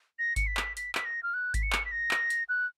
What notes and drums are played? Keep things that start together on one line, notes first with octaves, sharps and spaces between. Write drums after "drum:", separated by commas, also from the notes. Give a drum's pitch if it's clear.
A#6
C#7, drum: kick G#1, hi-hat
B6
drum: clap
B6, drum: hi-hat
B6, drum: clap
A#6
F6
F#6
B6, drum: kick G#1, hi-hat
C#7
drum: clap
B6
A#6
drum: clap
drum: hi-hat
F#6